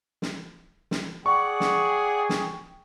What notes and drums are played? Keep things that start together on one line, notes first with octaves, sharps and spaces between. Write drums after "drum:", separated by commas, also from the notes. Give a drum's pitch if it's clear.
drum: snare
drum: snare
G#4 D5 F#5 G5 C#6
drum: snare
drum: snare